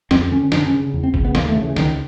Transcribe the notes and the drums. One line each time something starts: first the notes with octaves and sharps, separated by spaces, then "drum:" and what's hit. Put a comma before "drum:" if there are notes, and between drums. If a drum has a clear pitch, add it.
F2 C4, drum: snare
D3 C#4
F#2 D4, drum: snare
C#4
C#3
E2
C4
C#3, drum: kick
B3
D#2 A#3, drum: snare
A3
C#3
E3
C#2 D#3, drum: snare